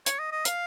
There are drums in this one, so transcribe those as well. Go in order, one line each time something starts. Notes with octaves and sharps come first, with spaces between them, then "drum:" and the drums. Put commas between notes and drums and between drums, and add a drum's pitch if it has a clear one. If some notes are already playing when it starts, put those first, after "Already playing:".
C#5, drum: hi-hat
D#5
D#5
F5, drum: hi-hat